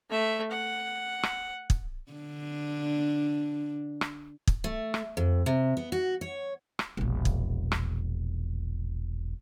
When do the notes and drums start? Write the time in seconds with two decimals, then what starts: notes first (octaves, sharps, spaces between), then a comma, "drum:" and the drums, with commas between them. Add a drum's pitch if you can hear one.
0.10 A3 E5
0.51 F#5
1.23 drum: rim click
1.70 drum: kick
2.12 D3 D4
4.01 drum: rim click
4.47 drum: kick
4.64 A3
4.94 drum: rim click
5.17 F2
5.46 C3
5.77 B3
5.92 F#4
6.21 C#5
6.79 drum: rim click
6.97 E1 A#1
7.25 drum: kick
7.72 drum: rim click